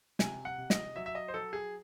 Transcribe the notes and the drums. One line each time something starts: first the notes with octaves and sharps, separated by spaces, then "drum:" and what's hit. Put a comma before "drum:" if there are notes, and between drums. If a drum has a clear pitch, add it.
C3 G#5, drum: snare
F#5
C3
D#5, drum: snare
F#3 E5
E5
D#5
C5
F#3 A4
G#4